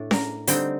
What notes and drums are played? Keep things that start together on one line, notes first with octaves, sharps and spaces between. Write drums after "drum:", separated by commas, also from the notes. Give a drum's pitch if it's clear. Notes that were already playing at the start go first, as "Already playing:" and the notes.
Already playing: A2 A3 D4
A#4, drum: snare C#4
D3 G3 C4 D#4 C5, drum: hi-hat